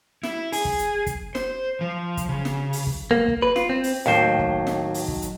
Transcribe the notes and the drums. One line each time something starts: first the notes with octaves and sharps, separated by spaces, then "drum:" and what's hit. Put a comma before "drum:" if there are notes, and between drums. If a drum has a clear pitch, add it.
E4, drum: snare
G#4, drum: open hi-hat
drum: kick
drum: hi-hat
drum: kick, hi-hat
C5, drum: snare
F3
drum: kick, hi-hat
C#3
drum: snare
drum: open hi-hat
drum: kick
A#3
drum: kick
B4
F4, drum: snare
C4
drum: open hi-hat
D#2 A2 D#3 F#3 C5
drum: kick
drum: snare
drum: open hi-hat
drum: kick
drum: hi-hat